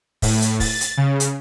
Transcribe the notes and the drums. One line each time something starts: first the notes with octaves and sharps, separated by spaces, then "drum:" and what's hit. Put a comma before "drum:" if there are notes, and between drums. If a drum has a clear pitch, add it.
A2, drum: kick, open hi-hat
drum: hi-hat
A6, drum: kick, open hi-hat
drum: hi-hat
C#3
drum: hi-hat